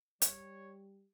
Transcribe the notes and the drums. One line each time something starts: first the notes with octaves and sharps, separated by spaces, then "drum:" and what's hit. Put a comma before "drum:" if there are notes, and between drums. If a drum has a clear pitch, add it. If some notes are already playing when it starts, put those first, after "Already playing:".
G3 C#5, drum: hi-hat